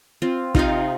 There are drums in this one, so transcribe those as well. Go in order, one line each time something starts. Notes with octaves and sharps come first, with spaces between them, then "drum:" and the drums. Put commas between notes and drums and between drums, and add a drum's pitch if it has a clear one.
C4 F4
C3 D#4 F4 F5, drum: kick